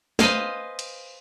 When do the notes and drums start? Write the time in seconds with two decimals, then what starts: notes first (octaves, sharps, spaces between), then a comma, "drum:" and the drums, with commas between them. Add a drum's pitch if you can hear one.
0.19 B4 C5 D#5 F5 G#5, drum: snare
0.79 drum: cymbal